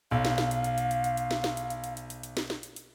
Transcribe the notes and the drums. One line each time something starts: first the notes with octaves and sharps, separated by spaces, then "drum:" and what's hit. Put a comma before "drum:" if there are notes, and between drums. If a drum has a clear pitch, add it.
B1 F5
drum: snare
drum: snare
drum: hi-hat
drum: hi-hat
drum: hi-hat
drum: hi-hat
drum: hi-hat
drum: hi-hat
drum: snare
drum: snare
drum: hi-hat
drum: hi-hat
drum: hi-hat
drum: hi-hat
drum: hi-hat
drum: hi-hat
drum: snare
drum: snare
drum: hi-hat
drum: hi-hat